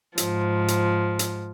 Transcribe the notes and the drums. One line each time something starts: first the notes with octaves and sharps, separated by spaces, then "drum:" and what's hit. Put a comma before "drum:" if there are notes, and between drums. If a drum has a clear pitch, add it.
G#2 F3, drum: hi-hat
drum: hi-hat
drum: hi-hat